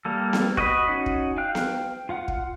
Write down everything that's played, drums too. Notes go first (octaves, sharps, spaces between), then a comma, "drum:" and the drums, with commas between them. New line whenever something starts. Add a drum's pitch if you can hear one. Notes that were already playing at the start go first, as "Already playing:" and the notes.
G3 A#3 A4
drum: snare B3
F#4 D#5 F#5 B5, drum: kick
C#4 D#4 F#4
drum: kick
F5 G5 F#6
drum: snare B3
F4 F5 F#5
drum: kick